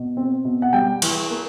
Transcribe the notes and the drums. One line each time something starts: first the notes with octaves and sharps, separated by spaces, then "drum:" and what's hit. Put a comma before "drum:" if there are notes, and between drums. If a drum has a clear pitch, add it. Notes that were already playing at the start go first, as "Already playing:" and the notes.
Already playing: B2
C4
B2
F#5
G3 G5
E3, drum: cymbal
A#3